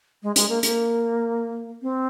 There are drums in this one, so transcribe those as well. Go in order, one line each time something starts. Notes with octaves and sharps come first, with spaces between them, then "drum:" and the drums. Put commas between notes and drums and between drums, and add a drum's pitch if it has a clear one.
G#3
G#3, drum: hi-hat
A#3
A#3, drum: hi-hat
C4